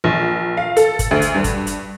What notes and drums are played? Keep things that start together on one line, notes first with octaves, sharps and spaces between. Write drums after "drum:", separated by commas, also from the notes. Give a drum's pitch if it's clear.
A#1
F5
A4, drum: hi-hat
drum: kick G1, hi-hat
D2
drum: hi-hat
G2
drum: kick G1, hi-hat
drum: hi-hat